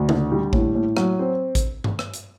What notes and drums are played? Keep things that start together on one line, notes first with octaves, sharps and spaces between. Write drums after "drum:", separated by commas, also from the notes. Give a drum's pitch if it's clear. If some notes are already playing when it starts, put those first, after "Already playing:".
Already playing: D2
D3, drum: tom C#3
G3
A2, drum: kick A1
A2
F#3, drum: rim click
C4
drum: kick A1, hi-hat
drum: tom G2
drum: rim click
drum: hi-hat